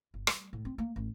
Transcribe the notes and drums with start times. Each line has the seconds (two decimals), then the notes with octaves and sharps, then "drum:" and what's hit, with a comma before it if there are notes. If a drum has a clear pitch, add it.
0.14 G1
0.27 G3, drum: rim click
0.53 A2
0.65 C4
0.78 A#3
0.96 A1